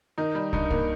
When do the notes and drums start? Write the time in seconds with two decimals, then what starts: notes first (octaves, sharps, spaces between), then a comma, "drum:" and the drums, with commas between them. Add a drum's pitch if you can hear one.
0.18 D#3 D#4
0.35 G3
0.53 G2 D#4, drum: kick
0.70 A#3, drum: kick